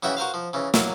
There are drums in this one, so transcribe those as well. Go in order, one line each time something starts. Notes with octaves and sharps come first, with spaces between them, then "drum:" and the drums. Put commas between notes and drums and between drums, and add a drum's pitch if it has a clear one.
C#3 E3 F#4 E5 G5 B5
F#4 A#4 C5 F5
F3
C#3 E3
F#3 A#3 E4 A#4 C#5, drum: snare